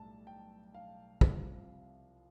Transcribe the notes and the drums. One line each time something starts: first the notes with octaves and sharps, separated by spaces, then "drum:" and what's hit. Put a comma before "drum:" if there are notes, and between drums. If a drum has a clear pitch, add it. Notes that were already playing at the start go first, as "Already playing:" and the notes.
Already playing: B1 A2 G3 A5
G5
F5
C2 C3 F3, drum: kick